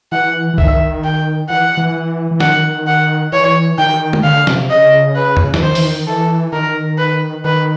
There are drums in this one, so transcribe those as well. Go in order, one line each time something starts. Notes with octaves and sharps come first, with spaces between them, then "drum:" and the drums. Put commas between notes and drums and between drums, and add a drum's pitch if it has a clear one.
E3 F#5
E3
D#3 E5, drum: kick C2
G5
E3 F#5
E3
E3
D#3 F#5, drum: snare
F#5
E3 C#5
D#3 G5
drum: tom
D3 F5
C3, drum: snare
C#3 D#5
B4
drum: tom E2
E3, drum: snare
D#3 C5
E3, drum: open hi-hat
D#3
E3 A4
D#3 A#4
B4
D#3 B4